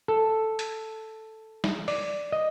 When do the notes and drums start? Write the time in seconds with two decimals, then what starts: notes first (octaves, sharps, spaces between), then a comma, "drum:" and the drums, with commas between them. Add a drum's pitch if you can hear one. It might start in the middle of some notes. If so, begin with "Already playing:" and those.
0.08 A4
0.59 drum: hi-hat
1.64 drum: snare
1.88 D5, drum: open hi-hat
2.32 D#5